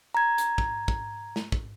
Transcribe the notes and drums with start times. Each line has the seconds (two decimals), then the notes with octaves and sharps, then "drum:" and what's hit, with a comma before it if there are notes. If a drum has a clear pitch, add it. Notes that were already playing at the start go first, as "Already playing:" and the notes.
0.15 A#5 G#6
0.38 drum: hi-hat
0.58 drum: kick
0.88 drum: kick
1.36 drum: snare
1.52 drum: kick